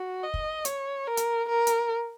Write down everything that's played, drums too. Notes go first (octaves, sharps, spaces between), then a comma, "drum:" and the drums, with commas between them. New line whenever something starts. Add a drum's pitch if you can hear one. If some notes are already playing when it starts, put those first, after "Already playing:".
Already playing: F#4
D#5
drum: kick
C#5, drum: hi-hat
A#4
drum: hi-hat
A#4
drum: hi-hat